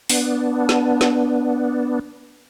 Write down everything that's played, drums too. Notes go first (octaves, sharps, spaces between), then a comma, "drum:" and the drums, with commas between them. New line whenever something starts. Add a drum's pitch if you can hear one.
B3 D4, drum: open hi-hat
drum: snare
drum: snare